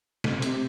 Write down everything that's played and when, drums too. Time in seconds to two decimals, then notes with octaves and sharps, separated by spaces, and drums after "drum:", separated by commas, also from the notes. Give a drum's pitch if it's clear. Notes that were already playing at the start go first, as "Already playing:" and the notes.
0.24 C3, drum: snare
0.42 drum: hi-hat